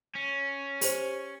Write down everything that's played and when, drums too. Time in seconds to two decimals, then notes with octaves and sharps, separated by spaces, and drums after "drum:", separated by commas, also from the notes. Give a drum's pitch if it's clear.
0.15 C#4
0.81 G4 C5, drum: open hi-hat